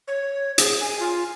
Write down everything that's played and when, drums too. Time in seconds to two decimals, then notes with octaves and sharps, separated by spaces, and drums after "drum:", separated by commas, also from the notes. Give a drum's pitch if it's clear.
0.08 C#5
0.58 G#4, drum: hi-hat
0.81 G#5
1.00 F4